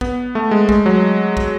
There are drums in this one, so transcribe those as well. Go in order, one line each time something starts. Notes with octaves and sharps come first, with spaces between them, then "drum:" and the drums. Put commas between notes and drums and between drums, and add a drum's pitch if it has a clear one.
B3, drum: kick
A3
G#3
G#3, drum: kick
F#3
drum: kick